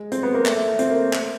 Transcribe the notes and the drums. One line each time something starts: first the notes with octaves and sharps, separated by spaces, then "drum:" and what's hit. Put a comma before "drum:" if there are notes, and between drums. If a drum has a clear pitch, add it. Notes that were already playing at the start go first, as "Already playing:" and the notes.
Already playing: G#3
C4, drum: hi-hat
B3
A#3
A3, drum: clap
A3
A3
C4, drum: hi-hat
A#3
A3, drum: clap